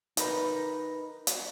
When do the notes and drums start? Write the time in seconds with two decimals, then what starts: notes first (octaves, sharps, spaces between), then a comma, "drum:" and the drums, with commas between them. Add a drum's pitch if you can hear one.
0.17 D#4 A#4 B4, drum: hi-hat
1.27 drum: hi-hat